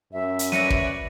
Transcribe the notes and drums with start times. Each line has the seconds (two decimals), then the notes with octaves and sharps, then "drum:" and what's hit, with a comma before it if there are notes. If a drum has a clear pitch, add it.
0.13 F#2 E5
0.39 drum: hi-hat
0.52 B4 C#5 D5 A#6 C#7 D#7, drum: snare
0.70 drum: kick